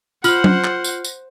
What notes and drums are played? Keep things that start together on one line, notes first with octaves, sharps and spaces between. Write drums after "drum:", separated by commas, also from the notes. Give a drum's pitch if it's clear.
F4 C5 F#5 F6 F#7, drum: tambourine
drum: tom F#3
drum: clap
drum: tambourine
drum: tambourine